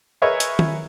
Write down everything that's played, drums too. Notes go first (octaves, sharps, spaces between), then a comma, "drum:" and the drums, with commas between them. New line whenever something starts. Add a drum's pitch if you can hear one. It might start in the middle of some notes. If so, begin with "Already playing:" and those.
G#4 A#4 B4 C#5 D#5 E5
drum: hi-hat
drum: tom D#3